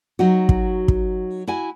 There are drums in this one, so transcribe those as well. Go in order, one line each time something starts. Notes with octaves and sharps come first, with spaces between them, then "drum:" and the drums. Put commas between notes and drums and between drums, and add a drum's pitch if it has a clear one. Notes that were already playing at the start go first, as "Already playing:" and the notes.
F#3 D#4 F#4
drum: kick
drum: kick
E4 F#4 G#5